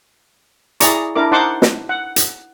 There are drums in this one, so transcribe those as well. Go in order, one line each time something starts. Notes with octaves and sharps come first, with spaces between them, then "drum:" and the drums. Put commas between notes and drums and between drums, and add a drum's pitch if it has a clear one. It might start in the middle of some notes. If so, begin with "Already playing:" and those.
E4 G#4 D5 A#5 C#6, drum: hi-hat
D4 E4 A#4 D6
D#4 C5 F#5 A5 C6 D6
drum: snare
F#5
drum: hi-hat